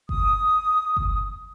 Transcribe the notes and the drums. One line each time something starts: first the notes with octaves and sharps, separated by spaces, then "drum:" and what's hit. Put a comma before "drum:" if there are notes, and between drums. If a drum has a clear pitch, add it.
D#6, drum: kick G1
drum: kick G1